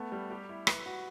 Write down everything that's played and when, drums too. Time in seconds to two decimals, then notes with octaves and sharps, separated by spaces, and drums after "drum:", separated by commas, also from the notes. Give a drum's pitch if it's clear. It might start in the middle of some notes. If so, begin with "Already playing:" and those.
Already playing: A3 B3
0.12 G3
0.31 G4
0.49 E4
0.67 B4, drum: rim click
0.86 F#4